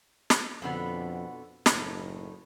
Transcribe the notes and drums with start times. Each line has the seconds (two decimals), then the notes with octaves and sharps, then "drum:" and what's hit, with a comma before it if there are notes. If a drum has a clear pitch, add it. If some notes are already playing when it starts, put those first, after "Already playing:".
0.30 drum: snare
0.62 F2 B2 D3 B3
1.66 F#1 A2 D#4, drum: snare